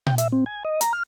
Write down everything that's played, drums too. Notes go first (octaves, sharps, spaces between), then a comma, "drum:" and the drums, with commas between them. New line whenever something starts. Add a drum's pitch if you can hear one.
G5, drum: tom A#2
E5, drum: hi-hat
C4
G#5
D#5
A#5, drum: hi-hat
F6